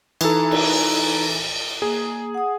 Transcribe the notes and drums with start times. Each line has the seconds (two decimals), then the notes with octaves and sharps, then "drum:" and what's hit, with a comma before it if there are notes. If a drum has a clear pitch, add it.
0.21 E3 D#4 F4 A4 A#5, drum: cymbal
0.51 drum: cymbal
1.82 A#3 G#4
2.34 F#5 D#6